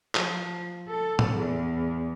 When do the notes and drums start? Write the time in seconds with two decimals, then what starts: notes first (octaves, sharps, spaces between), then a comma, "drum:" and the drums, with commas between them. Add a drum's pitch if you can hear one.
0.15 F3, drum: clap
0.89 A4
1.19 drum: tom
1.34 E2